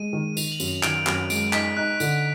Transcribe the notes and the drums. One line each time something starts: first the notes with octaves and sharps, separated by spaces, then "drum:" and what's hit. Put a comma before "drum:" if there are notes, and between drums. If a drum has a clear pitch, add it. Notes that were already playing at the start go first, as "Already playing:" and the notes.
Already playing: G#3 D#7
D#3
D#3 F7, drum: tambourine
F#7
F#2, drum: tambourine
F7
D#3 D7, drum: clap
F#2, drum: clap
G#3 D7, drum: tambourine
D#4 B6, drum: clap
D#4 F#6
D3, drum: tambourine